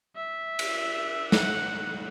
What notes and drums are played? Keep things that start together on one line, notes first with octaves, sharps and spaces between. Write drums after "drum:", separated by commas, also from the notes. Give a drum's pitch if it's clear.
E5
drum: cymbal
F#5, drum: snare